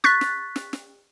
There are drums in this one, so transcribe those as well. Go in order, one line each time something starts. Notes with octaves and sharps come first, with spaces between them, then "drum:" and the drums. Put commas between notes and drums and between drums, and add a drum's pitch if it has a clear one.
C#6 F#6 A6 B6, drum: snare
drum: snare
drum: snare
drum: snare